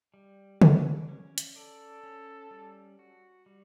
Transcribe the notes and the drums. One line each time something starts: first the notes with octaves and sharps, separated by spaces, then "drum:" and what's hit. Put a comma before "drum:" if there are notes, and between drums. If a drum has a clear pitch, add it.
G3
D5, drum: tom C#3
C#4
drum: hi-hat
A4 D5
C#4
G3
F#4
G3